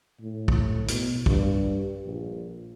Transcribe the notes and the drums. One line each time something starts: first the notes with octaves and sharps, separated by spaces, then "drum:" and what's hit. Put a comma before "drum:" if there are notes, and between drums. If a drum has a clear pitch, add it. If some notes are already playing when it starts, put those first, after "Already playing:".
A2
drum: kick
B2, drum: hi-hat
G2, drum: kick
A#1